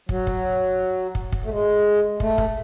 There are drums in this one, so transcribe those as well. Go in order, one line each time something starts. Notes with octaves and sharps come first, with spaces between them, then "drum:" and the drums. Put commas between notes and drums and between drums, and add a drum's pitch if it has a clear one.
F#3, drum: kick
drum: kick
drum: kick
drum: kick
A3
G#3
A3, drum: kick
drum: kick